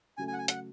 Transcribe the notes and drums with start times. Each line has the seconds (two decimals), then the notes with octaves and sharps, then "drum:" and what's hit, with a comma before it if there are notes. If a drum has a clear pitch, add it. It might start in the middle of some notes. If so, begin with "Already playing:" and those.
0.18 C#3 F#3 A3 G#5
0.28 G#5
0.33 F#5
0.38 G#5
0.48 F#5, drum: hi-hat